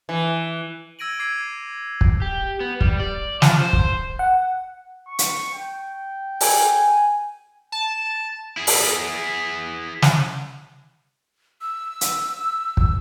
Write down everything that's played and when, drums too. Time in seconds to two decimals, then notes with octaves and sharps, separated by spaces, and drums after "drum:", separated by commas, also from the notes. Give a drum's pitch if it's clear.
0.09 E3
0.99 E6 G#6 A#6 D7 D#7 F#7
1.19 D6 E6 G#6 C7 D#7
2.01 drum: kick
2.22 G4
2.60 B3
2.81 G3, drum: kick
3.00 D5
3.42 F3, drum: snare
3.61 C5
3.73 drum: kick
4.19 F#5
5.08 C#6
5.19 drum: hi-hat
5.54 G5
6.41 G#5, drum: open hi-hat
7.72 A5
8.57 E4 G#4
8.67 drum: open hi-hat
10.02 drum: snare
11.61 E6
12.01 drum: hi-hat
12.77 drum: kick